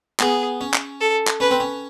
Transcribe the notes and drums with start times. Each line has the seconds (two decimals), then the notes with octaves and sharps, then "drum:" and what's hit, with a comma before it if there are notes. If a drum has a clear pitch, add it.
0.20 B3 G#4, drum: clap
0.61 C#4
0.74 drum: clap
1.01 A4
1.27 drum: clap
1.40 C#4 B4
1.51 C4
1.60 C#4